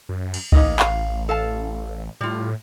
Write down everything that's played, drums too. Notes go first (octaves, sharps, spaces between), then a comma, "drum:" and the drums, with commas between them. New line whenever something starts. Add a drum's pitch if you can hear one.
F#2
drum: cymbal
A1 A#3 D#4 D#5, drum: kick C#2
F5, drum: clap
A4 F5 A5
A2 G3 F4